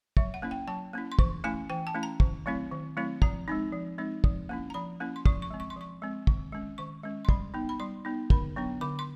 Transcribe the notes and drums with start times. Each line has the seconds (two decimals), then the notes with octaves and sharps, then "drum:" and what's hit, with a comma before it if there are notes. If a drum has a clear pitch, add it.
0.17 F#3 E5, drum: kick
0.34 F#5
0.42 A#3 C#4 E4
0.51 G5
0.67 F#3 A5
0.93 A#3 C#4 E4
1.12 C6
1.19 E3 C#6, drum: kick
1.44 A3 C#4 E4 G#5
1.70 E3 G5
1.87 A5
1.94 A3 C#4 E4
2.03 A#5
2.20 D#3, drum: kick
2.46 F#3 A3 C4 E4
2.72 D#3
2.97 F#3 A3 C4 E4
3.22 F3 A#5, drum: kick
3.48 G#3 C4 D#4
3.72 F3
3.98 G#3 C4 D#4
4.24 F3, drum: kick
4.49 A#3 C#4 E4
4.70 A#5
4.74 F3 B5
5.00 A#3 C#4 E4
5.16 C6
5.26 F3 C#6, drum: kick
5.42 C#6
5.51 G#3 C4
5.60 C#6
5.70 C6
5.76 F3 C#6
6.02 G#3 C4
6.27 D#3, drum: kick
6.52 G#3 C#4
6.78 D#3 C#6
7.03 G#3 C#4
7.25 C6
7.29 G3 B5, drum: kick
7.54 B3 D#4
7.69 B5
7.80 G3 C6
8.05 B3 D#4
8.30 D3 B5, drum: kick
8.56 F#3 B3 D4
8.81 D3 D6
8.99 C6